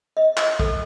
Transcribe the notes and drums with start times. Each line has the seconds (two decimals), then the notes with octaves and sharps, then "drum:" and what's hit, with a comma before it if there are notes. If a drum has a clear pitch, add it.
0.17 D#5
0.37 drum: clap
0.60 A4, drum: kick